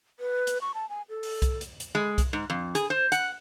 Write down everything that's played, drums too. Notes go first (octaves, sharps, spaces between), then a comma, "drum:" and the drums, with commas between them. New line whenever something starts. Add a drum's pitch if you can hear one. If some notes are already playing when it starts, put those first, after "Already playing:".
B4
drum: hi-hat
C#6
A5
G#5
A4
drum: open hi-hat
drum: kick C2, hi-hat
drum: hi-hat
drum: hi-hat
G#3
drum: kick C2, hi-hat
G#2
F2
G#4, drum: hi-hat
C5
F#5, drum: hi-hat